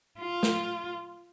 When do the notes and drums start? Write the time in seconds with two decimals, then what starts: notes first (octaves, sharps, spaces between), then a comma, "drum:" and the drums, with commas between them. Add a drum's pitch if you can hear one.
0.20 F4
0.43 drum: snare